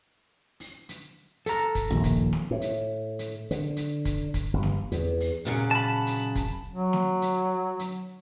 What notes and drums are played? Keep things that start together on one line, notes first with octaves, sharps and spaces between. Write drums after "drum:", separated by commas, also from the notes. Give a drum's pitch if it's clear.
drum: open hi-hat
drum: hi-hat
A4 A#5, drum: hi-hat
drum: kick, hi-hat
A#1 D#2
drum: kick, hi-hat
drum: snare
A2
drum: hi-hat
drum: hi-hat
D3, drum: hi-hat
drum: hi-hat
drum: kick, hi-hat
drum: kick, hi-hat
G1
drum: snare
E2, drum: hi-hat
drum: open hi-hat
A#2 C#3 F#3
A5 B5
drum: hi-hat
drum: kick, hi-hat
F#3
drum: snare
drum: hi-hat
drum: hi-hat